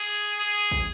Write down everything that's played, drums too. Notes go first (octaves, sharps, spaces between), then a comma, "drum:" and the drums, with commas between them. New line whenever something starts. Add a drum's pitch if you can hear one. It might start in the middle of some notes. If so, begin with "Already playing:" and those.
Already playing: G#4
G#4
drum: kick